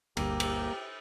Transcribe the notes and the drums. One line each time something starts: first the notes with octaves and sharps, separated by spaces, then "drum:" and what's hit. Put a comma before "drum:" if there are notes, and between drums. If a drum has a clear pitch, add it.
G1 D2 G2 A#3 G4, drum: cymbal
drum: cymbal